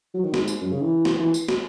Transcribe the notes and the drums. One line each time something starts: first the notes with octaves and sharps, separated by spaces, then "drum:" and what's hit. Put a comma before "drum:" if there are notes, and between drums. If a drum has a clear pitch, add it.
F#3
D#3
G#2, drum: snare
drum: tambourine
F#2
C#3
E3
drum: snare
E3
drum: tambourine
drum: snare